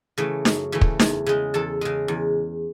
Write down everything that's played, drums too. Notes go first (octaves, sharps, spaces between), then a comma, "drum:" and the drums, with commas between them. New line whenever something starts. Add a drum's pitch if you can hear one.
C#3 E3 A3
F#2, drum: snare D#4
C#3 E3 A3
drum: kick
E2, drum: snare D#4
C#3 G#3
E2 A4 A5
C#3 G#3
E2